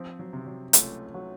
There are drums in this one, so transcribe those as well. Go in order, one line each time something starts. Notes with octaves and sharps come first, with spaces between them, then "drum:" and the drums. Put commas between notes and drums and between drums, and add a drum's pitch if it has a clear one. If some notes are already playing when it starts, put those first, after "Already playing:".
Already playing: F3 C4
F#3
C3
F#3
C#2 A3, drum: hi-hat
F#3